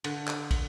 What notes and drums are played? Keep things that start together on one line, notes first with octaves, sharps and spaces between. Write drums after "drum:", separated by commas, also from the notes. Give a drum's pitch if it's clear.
D3, drum: cymbal
drum: clap
drum: kick, cymbal